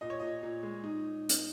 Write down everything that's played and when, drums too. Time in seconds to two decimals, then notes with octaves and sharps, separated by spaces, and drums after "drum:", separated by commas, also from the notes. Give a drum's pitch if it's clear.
0.01 A#2 D#5
0.10 C#5
0.20 A#2 D#5
0.43 A#2
0.63 G#3
0.84 D#4
1.29 drum: hi-hat